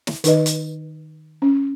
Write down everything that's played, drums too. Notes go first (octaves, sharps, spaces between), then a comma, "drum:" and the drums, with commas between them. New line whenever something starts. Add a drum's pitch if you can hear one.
drum: snare
D#3 D#4 B4 D#5, drum: hi-hat
drum: hi-hat
C#4